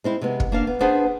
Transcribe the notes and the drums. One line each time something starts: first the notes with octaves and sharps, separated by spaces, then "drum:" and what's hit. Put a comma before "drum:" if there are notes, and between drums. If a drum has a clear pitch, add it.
G#3 C4 E4
C3 G#3 B3
drum: kick
A#3 D4 F5
B3
B3 D4 G#4 B4 C5